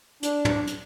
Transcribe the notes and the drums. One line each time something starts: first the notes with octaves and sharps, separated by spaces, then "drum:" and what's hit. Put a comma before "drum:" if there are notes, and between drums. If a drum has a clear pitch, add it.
D4, drum: hi-hat
drum: tom
drum: hi-hat